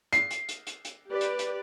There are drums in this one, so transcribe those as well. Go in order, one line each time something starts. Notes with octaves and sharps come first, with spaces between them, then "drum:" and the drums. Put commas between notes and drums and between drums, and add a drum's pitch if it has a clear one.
C7, drum: hi-hat
drum: hi-hat
drum: hi-hat
drum: hi-hat
drum: hi-hat
G4 B4 D5
drum: hi-hat
drum: hi-hat